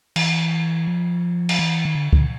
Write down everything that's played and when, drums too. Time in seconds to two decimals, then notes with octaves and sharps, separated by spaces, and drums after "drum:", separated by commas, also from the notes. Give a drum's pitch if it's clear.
0.16 E3, drum: cymbal
0.87 F3
1.49 drum: cymbal
1.59 E3
1.85 D#3
1.95 D3
2.13 D3, drum: kick C#2